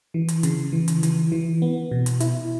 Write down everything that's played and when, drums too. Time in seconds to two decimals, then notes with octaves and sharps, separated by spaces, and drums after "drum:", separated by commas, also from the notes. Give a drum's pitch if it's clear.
0.14 E3
0.28 drum: hi-hat
0.43 C#3, drum: hi-hat
0.72 E3
0.88 drum: hi-hat
1.03 E3, drum: hi-hat
1.32 E3
1.62 B3
1.91 B2
2.06 drum: hi-hat
2.20 E4, drum: hi-hat